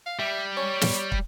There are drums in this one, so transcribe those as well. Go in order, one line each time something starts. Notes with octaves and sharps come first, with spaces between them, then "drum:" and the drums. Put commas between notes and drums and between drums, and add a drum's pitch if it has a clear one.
F5
G3 E5
C#5
drum: snare
drum: kick